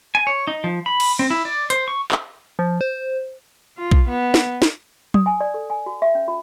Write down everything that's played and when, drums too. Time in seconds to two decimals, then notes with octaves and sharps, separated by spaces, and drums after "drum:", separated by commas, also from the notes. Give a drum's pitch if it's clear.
0.15 G#5
0.27 C#5
0.47 D#4
0.64 F3
0.86 B5
1.00 drum: cymbal
1.19 C4
1.30 E4
1.45 D5
1.70 C5, drum: hi-hat
1.88 C#6
2.12 drum: clap
2.59 F3
2.81 C5
3.78 F4
3.91 drum: kick B1
4.09 B3
4.34 drum: snare
4.62 drum: snare
5.14 D#6, drum: tom F#3
5.26 G#5
5.41 D5
5.54 A4
5.70 G#5
5.86 F#4
6.02 E5
6.15 C#4
6.28 F4